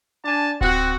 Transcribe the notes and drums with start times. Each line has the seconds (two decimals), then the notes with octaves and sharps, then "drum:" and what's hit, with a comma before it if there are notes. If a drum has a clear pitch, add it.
0.25 D4 G#5 A5
0.61 C4 F#4, drum: kick D1